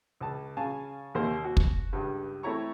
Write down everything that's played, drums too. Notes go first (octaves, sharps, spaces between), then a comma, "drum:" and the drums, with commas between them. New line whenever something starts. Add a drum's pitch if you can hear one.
C#2 A5
C#3 F5 G#5 A5
D#2 C3 A#3 C4 C5 C6
F#4
drum: kick
C#2 G2
A3 C4 E4 C#5 A#5 C#6